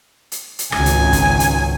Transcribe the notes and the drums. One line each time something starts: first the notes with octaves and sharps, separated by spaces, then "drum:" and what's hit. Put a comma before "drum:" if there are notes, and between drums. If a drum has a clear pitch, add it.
drum: hi-hat
drum: hi-hat
G#1 C#2 G#5, drum: rim click
drum: hi-hat
drum: kick, hi-hat
drum: hi-hat